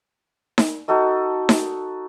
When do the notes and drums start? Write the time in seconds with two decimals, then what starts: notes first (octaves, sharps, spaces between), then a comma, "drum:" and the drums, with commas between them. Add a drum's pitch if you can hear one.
0.58 drum: snare D#4
0.88 D#4 F#4 A4 D#5
1.49 drum: snare D#4